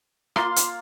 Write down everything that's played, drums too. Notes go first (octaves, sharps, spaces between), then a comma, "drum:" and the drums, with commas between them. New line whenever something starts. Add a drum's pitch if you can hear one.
A#3 F4 C6, drum: rim click
drum: hi-hat